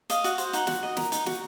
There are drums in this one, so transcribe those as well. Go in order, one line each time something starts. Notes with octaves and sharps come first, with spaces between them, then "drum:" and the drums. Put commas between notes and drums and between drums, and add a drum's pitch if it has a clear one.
D#5 F5, drum: hi-hat
F#4, drum: hi-hat
C5, drum: hi-hat
D#4 F#5, drum: hi-hat
F#4, drum: snare
D#5
A#4, drum: snare
D#4, drum: hi-hat
F#4, drum: snare